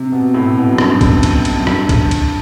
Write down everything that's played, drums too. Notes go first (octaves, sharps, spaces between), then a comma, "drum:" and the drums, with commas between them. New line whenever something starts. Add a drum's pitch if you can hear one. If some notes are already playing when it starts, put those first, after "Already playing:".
Already playing: C3
B2
A2
B2
F#2
G2, drum: rim click
drum: kick B1, cymbal
drum: cymbal
drum: cymbal
F#2
G2, drum: rim click
drum: kick B1, cymbal
drum: cymbal